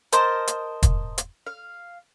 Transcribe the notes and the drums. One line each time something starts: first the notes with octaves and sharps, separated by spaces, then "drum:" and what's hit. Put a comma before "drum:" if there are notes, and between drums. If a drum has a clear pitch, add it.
A#4 C5 D#5 A5, drum: hi-hat
drum: hi-hat
drum: kick, hi-hat
drum: hi-hat
F5